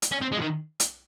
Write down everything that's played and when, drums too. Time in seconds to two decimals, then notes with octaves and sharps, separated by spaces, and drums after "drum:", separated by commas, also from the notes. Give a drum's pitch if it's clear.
0.02 drum: hi-hat
0.11 C#4
0.21 C4
0.32 G#3
0.37 F3
0.41 D#3
0.80 drum: hi-hat